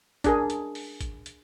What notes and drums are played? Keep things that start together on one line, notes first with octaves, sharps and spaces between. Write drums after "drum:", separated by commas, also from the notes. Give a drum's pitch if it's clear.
D4 G#4 A#4, drum: kick, hi-hat
drum: hi-hat
drum: open hi-hat
drum: kick, hi-hat
drum: hi-hat